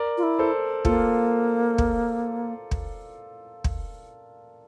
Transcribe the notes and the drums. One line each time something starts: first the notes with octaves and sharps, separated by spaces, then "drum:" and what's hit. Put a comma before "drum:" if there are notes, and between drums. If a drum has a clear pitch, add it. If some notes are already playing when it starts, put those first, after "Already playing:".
Already playing: A#4 D5
F4
E4
A4 C5
A#3 F4 A4, drum: kick
drum: kick
drum: kick
drum: kick